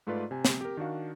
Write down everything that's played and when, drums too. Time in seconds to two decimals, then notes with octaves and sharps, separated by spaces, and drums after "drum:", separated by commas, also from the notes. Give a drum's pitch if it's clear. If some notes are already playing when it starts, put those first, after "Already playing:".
0.07 G#2 A3 F4 B4 D5
0.31 C3 G#5
0.45 drum: snare
0.61 G4 A#4
0.77 D#3 D4 F#4 F5